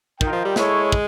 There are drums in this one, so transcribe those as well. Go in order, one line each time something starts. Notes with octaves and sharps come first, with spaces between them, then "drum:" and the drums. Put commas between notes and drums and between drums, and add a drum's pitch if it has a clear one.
D#3 F4 A#4 D#5 G5, drum: kick
F3
G3
G#3 E4 A4 C#5, drum: snare
drum: kick